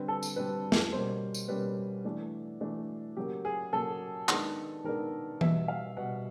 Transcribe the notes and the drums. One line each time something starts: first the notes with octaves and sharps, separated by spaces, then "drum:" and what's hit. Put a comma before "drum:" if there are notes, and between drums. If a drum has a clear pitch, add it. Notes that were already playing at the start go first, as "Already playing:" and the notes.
Already playing: D3 G3 C4 B4
A4
drum: tambourine
D3 G3 C4 B4
drum: snare
B2 G3 A#3 C#4 C5
drum: tambourine
B2 G3 A#3 C#4 B4
E3 A3 D4
E3 A3 D4
C#3 F#3 A#3 G4
G#4
C#3 F#3 A#3 A4
D#3 G#3 B3 D4, drum: clap
D#3 G#3 B3 D4 A#4
B2 G3 B3 E5, drum: tom E3
F5
B2 G3 B3 F#5